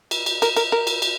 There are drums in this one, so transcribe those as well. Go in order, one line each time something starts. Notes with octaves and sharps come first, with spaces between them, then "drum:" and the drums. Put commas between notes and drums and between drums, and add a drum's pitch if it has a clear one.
drum: cymbal
drum: cymbal
A#4, drum: cymbal
A#4, drum: cymbal
A#4
drum: cymbal
drum: cymbal